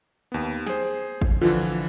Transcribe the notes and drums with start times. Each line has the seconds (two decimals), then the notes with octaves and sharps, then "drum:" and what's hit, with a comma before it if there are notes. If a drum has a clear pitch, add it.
0.32 D#2 B3
0.66 G#4 C5, drum: snare
1.22 drum: kick G#1
1.42 D3 E3 F3 F4